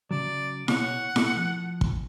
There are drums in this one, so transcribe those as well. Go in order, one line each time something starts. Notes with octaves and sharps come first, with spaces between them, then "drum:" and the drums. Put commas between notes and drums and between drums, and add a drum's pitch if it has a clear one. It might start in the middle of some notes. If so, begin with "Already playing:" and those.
C#3 F#3 D5
B2 C#5 F#5, drum: snare E4
B2 A3, drum: snare E4
F3
drum: kick